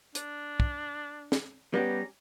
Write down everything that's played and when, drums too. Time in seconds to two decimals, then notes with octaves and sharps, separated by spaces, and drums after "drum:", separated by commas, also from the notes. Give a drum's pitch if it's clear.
0.15 D4, drum: hi-hat
0.60 drum: kick
1.32 drum: snare
1.74 G3 B3 C#4 G4 A#5